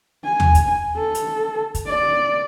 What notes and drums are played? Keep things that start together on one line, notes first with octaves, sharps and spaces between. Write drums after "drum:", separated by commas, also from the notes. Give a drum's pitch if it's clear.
G#5
drum: tom D#2
drum: kick, hi-hat
A4
drum: hi-hat
drum: kick, hi-hat
D5